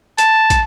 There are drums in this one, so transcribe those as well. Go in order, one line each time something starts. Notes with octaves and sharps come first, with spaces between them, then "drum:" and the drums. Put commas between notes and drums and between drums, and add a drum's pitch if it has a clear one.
A5, drum: hi-hat
drum: kick, hi-hat